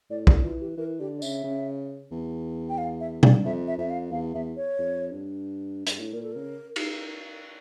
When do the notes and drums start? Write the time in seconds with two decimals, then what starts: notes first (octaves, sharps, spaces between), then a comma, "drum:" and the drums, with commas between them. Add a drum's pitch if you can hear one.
0.10 A2 D5
0.27 D5, drum: kick
0.44 E3 F4
0.61 G4
0.77 E3 A#4
0.99 D3 G4
1.18 D5
1.22 C#3 E5, drum: tambourine
1.44 C#3
2.11 E2
2.70 G5
2.78 F5
3.00 E5
3.23 D5, drum: tom B2
3.45 F2 E5
3.68 E5
3.78 F2 E5
3.90 F5
4.12 E2 F5
4.34 E2 E5
4.57 C#5
4.79 F2
5.12 G2
5.87 G2, drum: hi-hat
6.00 A2
6.13 A#2 A#4
6.23 A4
6.32 C#3 A#4
6.76 drum: cymbal